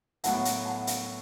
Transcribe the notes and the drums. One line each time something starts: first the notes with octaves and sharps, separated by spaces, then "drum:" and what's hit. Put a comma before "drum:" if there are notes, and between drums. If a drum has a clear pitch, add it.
A2 F#3 B3 E4 F#5 A5, drum: hi-hat
drum: hi-hat
F#5 A5
drum: hi-hat